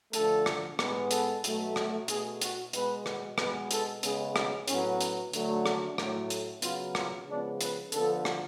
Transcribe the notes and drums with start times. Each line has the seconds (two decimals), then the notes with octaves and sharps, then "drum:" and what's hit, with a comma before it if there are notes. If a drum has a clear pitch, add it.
0.13 D3 F3 A3 A4, drum: hi-hat
0.46 drum: rim click
0.79 A2 G#3 B3, drum: rim click
1.11 A4, drum: hi-hat
1.44 B2 F#3 A3, drum: hi-hat
1.76 drum: rim click
2.08 B2 A3 G#4, drum: hi-hat
2.41 F#4, drum: hi-hat
2.73 B2 G#3 B3 B4, drum: hi-hat
3.06 drum: rim click
3.38 B2 G#3 B3 B4, drum: rim click
3.71 A4, drum: hi-hat
4.03 C#3 G#3 B3 G#4, drum: hi-hat
4.36 drum: rim click
4.68 A2 F#3 B3 C#4, drum: hi-hat
5.01 drum: hi-hat
5.33 D3 F#3 A3, drum: hi-hat
5.66 D4, drum: rim click
5.98 A2 F#3 A3, drum: rim click
6.30 drum: hi-hat
6.62 C#3 F#3 B3 F4, drum: hi-hat
6.95 F4, drum: rim click
7.27 C#3 F3 G#3 B3 D4
7.61 B4, drum: hi-hat
7.92 D3 F3 B3 A4, drum: hi-hat
8.25 drum: rim click